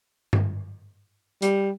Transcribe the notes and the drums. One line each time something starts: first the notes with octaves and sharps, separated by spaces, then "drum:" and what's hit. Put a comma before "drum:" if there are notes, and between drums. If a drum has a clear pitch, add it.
drum: tom G2
G3, drum: hi-hat